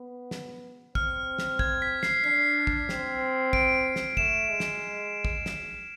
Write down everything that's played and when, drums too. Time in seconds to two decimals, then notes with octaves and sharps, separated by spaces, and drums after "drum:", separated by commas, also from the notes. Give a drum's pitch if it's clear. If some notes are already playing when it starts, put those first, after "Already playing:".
Already playing: B3
0.31 drum: snare
0.95 C4 F6, drum: kick
1.39 drum: snare
1.59 G#6, drum: kick
1.82 B6
2.03 C7, drum: snare
2.24 D4 C7
2.67 drum: kick
2.89 C4, drum: snare
3.53 D7, drum: kick
3.96 drum: snare
4.17 A3 E7, drum: kick
4.50 G#3
4.60 drum: snare
5.25 drum: kick
5.46 drum: snare